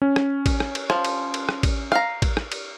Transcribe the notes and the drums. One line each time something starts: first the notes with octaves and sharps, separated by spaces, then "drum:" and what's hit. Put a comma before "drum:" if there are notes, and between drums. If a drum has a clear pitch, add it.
C#4
drum: rim click
drum: kick A1, cymbal
drum: rim click
drum: cymbal
F3, drum: rim click
drum: cymbal
drum: cymbal
drum: rim click
drum: kick A1, cymbal
F5 A#5, drum: rim click
drum: kick A1, cymbal
drum: rim click
drum: cymbal